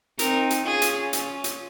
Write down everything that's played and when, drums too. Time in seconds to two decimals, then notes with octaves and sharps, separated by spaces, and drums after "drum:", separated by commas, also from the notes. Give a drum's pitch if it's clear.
0.19 C4 D#4 A#4, drum: hi-hat
0.50 drum: hi-hat
0.66 C#4 F4 G#4
0.82 drum: hi-hat
1.13 drum: hi-hat
1.44 drum: hi-hat